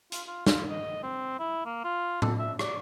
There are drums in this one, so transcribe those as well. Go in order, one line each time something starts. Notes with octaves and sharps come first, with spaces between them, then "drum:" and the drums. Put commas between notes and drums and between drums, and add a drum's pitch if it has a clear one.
F4, drum: hi-hat
F4
F4, drum: snare
D#5
C4
E4
A#3
F4
A4, drum: tom A2
E5
D5, drum: rim click